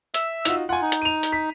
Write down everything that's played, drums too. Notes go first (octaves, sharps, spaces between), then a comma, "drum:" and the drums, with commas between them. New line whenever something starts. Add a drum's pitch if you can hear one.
E5 E6, drum: hi-hat
D#4 F4 F#4, drum: hi-hat
F4 F#5 G#5
D#4
drum: hi-hat
D#7 F7
drum: hi-hat
B6